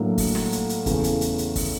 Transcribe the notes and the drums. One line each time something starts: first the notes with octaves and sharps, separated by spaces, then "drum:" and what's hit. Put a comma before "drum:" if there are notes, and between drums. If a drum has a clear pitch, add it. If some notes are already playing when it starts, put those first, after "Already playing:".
Already playing: A2 F#3 A#3 D4
drum: kick, open hi-hat
drum: snare
drum: hi-hat
drum: hi-hat
E2 C#3 E3 A3, drum: kick, hi-hat
drum: hi-hat
drum: hi-hat
drum: hi-hat
drum: kick, open hi-hat